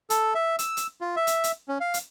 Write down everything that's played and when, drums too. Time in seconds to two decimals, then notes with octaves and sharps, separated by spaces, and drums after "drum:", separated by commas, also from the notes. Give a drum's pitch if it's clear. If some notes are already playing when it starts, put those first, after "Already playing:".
0.10 A4, drum: hi-hat
0.35 E5
0.59 E6, drum: hi-hat
0.77 drum: hi-hat
1.01 F4
1.16 E5
1.27 drum: hi-hat
1.44 drum: hi-hat
1.68 C#4
1.80 F5
1.94 drum: hi-hat